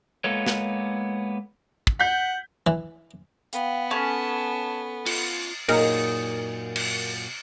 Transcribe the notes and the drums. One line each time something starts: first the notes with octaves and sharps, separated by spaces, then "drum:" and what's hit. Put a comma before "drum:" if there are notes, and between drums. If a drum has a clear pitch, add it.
G#3 A#3 B3 F4 A4 C#5
drum: snare
drum: kick
F#5 G6 B6
E3
B3 F5 G5, drum: hi-hat
C#4 A4 A5
F4, drum: cymbal
F#2 A#2 D#4 G#4 A#4, drum: cymbal
drum: cymbal